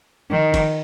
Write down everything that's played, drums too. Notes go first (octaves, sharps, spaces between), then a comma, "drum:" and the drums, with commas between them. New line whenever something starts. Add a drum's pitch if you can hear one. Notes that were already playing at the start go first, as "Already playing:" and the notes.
D#3
drum: kick, cymbal